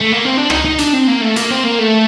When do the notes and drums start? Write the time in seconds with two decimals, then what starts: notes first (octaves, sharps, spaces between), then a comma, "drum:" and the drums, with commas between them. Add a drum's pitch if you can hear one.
0.00 A3
0.12 A#3
0.25 C4
0.37 D4
0.50 D#4, drum: rim click
0.65 D#4
0.79 D4, drum: hi-hat
0.93 C4
1.08 A#3
1.22 A3
1.36 A#3, drum: hi-hat
1.51 C4
1.65 A#3
1.79 A3